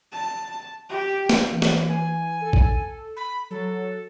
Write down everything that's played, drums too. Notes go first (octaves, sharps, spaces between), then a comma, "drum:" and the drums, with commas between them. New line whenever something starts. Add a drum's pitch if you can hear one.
A5
G4
drum: snare
E3
drum: snare
G#5
A4
drum: kick
B5
F#3 A4